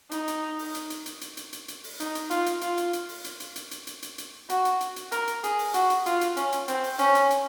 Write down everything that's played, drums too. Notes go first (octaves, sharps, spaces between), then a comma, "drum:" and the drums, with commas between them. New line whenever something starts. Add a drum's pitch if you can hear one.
D#4, drum: hi-hat
drum: hi-hat
drum: open hi-hat
drum: hi-hat
drum: hi-hat
drum: hi-hat
drum: hi-hat
drum: hi-hat
drum: hi-hat
drum: hi-hat
drum: open hi-hat
D#4, drum: hi-hat
drum: hi-hat
F4, drum: hi-hat
drum: hi-hat
F4, drum: hi-hat
drum: hi-hat
drum: hi-hat
drum: open hi-hat
drum: hi-hat
drum: hi-hat
drum: hi-hat
drum: hi-hat
drum: hi-hat
drum: hi-hat
drum: hi-hat
F#4, drum: hi-hat
drum: hi-hat
drum: hi-hat
drum: hi-hat
A#4, drum: hi-hat
drum: hi-hat
G#4, drum: hi-hat
drum: open hi-hat
F#4, drum: hi-hat
drum: hi-hat
F4, drum: hi-hat
drum: hi-hat
C#4, drum: hi-hat
drum: hi-hat
C4, drum: hi-hat
drum: open hi-hat
C#4, drum: hi-hat
drum: hi-hat
drum: hi-hat